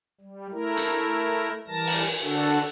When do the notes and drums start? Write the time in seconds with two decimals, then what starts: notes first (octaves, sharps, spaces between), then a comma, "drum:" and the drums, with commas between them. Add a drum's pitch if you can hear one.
0.21 G3
0.52 A3 E4 A#4
0.77 drum: hi-hat
1.68 E3 G3 A#4 A5 A#6
1.87 drum: open hi-hat
2.22 D3 D4 F#4 A4